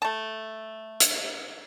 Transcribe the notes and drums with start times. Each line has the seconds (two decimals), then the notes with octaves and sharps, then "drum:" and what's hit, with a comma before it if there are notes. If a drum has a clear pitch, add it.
0.02 A3 A5
1.00 drum: hi-hat